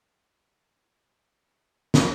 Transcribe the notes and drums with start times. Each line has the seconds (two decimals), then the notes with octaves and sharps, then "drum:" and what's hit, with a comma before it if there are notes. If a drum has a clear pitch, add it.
0.29 B1 F#3 G3 D4
1.94 drum: snare